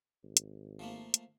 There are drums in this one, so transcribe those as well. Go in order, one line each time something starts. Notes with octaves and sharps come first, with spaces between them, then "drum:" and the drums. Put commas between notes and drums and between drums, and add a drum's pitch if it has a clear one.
G#1
drum: hi-hat
F3 A3 A#3
drum: hi-hat